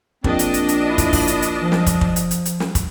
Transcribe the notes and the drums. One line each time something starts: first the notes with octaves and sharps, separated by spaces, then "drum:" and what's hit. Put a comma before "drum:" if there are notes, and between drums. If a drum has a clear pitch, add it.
A#1 C4 D4 D#5, drum: kick
drum: hi-hat
drum: hi-hat
drum: hi-hat
E4
drum: kick, hi-hat
drum: kick, open hi-hat
drum: hi-hat
drum: hi-hat
F3
drum: snare
drum: kick, hi-hat
drum: kick
drum: hi-hat
drum: hi-hat
drum: hi-hat
drum: snare
drum: kick, hi-hat